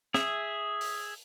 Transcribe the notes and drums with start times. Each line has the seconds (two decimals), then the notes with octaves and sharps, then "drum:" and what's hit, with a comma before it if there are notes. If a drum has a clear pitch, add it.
0.14 G#4 E5, drum: snare
0.81 drum: open hi-hat